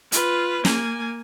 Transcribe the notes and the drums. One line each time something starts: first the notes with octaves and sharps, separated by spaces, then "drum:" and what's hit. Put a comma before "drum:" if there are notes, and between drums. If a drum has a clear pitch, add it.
F4 B4, drum: hi-hat
A#3 G#5, drum: snare